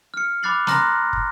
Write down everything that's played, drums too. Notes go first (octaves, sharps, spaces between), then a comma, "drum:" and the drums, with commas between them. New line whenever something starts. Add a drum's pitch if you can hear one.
F6 C#7
B5 D6 F#6 A6 C7 F#7
A#5 C6 D#6 F6 F#6 A#6, drum: snare
drum: kick